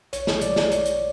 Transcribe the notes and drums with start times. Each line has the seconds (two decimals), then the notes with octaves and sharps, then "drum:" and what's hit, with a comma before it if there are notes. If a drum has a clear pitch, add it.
0.13 B1 C#5, drum: hi-hat
0.27 drum: snare
0.41 B2 F#3 D5, drum: hi-hat
0.56 drum: snare
0.71 B1 C#5, drum: hi-hat
0.85 drum: hi-hat